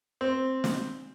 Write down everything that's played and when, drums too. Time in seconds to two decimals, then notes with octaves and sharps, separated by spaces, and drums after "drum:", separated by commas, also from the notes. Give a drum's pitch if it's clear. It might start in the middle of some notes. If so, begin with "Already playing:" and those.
0.21 C4
0.64 drum: snare